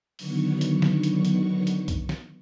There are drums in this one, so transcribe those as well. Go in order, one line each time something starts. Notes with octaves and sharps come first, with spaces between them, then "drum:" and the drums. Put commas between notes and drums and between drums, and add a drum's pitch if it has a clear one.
D3 D#3 F#3 B3 C#6, drum: open hi-hat
drum: hi-hat
drum: snare
drum: hi-hat
drum: hi-hat
drum: hi-hat
drum: kick, hi-hat
drum: snare